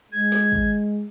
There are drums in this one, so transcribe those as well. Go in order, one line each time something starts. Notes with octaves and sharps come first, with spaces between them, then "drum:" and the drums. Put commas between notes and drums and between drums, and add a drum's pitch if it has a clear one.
G#3 G#6
drum: snare
drum: kick